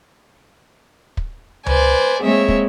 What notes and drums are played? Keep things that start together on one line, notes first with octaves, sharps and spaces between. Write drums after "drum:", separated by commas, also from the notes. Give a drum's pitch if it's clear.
drum: kick
B4 C5 D5 G#5, drum: tom C#2
G#3 A#3 C4 G#4 C#5 E5
drum: kick